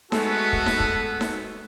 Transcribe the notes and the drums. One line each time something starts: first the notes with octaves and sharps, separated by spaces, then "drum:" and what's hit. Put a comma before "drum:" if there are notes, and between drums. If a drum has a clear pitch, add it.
G#3 A3 B3 F#4 A4 B4, drum: snare D#4
drum: kick
drum: snare D#4
drum: kick
drum: snare D#4